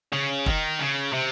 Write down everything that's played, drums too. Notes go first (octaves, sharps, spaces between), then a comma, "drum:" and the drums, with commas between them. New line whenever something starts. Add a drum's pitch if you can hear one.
C#3
D#3, drum: kick
C#3
C3